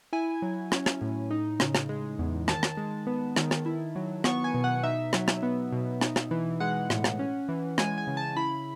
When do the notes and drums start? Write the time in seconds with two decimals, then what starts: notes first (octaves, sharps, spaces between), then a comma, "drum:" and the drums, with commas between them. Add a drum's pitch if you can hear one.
0.13 E4 G#5
0.42 F#3
0.72 C#4, drum: rim click
0.86 drum: rim click
1.01 A2
1.31 D#4
1.60 C#3, drum: rim click
1.75 drum: rim click
1.89 G#3
2.19 E2
2.48 D#3 A5, drum: rim click
2.63 drum: rim click
2.77 G#3
3.07 B3
3.36 D#3, drum: rim click
3.51 drum: rim click
3.66 E4
3.96 F#3
4.24 B3 C#6, drum: rim click
4.44 G#5
4.54 B2
4.64 F#5
4.83 D#4 E5
5.13 F#3, drum: rim click
5.28 drum: rim click
5.43 B3
5.72 B2
6.01 D#4, drum: rim click
6.16 drum: rim click
6.31 E3
6.60 G#3 F#5
6.90 A2, drum: rim click
7.04 drum: rim click
7.19 C#4
7.49 E3
7.78 G#3 G#5, drum: rim click
7.98 G#5
8.07 C#3
8.17 A5
8.36 E4 B5